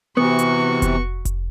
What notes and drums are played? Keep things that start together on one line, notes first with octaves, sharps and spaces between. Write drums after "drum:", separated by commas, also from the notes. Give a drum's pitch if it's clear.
C3 E3 B3 F#4 C#6
drum: hi-hat
drum: kick F1, hi-hat
drum: kick F1, hi-hat